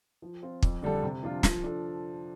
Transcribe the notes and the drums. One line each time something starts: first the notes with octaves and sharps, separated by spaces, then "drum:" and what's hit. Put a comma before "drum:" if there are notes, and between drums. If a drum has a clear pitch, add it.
F3
C4 F4
F2, drum: kick
D3 G3 D4 A4
C3
F3 D4 F4
F3, drum: snare
D4 A4